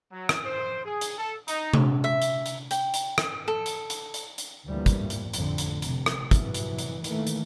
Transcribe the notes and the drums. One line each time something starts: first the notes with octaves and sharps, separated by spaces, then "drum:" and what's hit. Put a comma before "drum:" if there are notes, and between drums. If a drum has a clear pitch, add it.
F#3
drum: rim click
C5
G#4
drum: hi-hat
A4
D#4, drum: hi-hat
drum: tom C3
E5
drum: hi-hat
drum: hi-hat
G5, drum: hi-hat
drum: hi-hat
drum: rim click
A4
drum: hi-hat
drum: hi-hat
drum: hi-hat
drum: hi-hat
D2 E3 F3 G3 A#3
drum: kick, hi-hat
drum: hi-hat
A1 F2 D3 C4, drum: hi-hat
drum: hi-hat
F1 C3, drum: hi-hat
drum: rim click
C3 E3 F#3, drum: kick, hi-hat
drum: hi-hat
drum: hi-hat
D#3 E3 A3 A#3, drum: hi-hat
drum: hi-hat